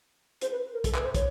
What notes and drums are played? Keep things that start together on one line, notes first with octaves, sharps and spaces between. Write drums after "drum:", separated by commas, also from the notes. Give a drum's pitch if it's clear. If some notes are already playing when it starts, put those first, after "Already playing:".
C5, drum: hi-hat
B4
A#4
A4, drum: kick, hi-hat
B4, drum: clap
C5
C#5, drum: kick, hi-hat